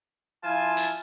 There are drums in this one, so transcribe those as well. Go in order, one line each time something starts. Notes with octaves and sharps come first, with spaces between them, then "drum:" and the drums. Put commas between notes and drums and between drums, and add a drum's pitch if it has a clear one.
F3 E4 F4 F5 G#5 A5
drum: hi-hat